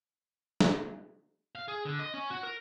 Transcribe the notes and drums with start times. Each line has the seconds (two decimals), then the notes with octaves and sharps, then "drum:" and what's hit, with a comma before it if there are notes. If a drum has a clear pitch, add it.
0.61 drum: snare
1.55 F5
1.68 G#4
1.85 D3
1.99 D#5
2.14 C#4
2.30 F#4
2.43 A#4